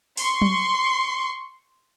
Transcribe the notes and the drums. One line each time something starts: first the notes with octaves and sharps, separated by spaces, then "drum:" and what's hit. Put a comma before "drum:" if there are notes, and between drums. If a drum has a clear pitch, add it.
C6 C#6, drum: open hi-hat
drum: tom F#3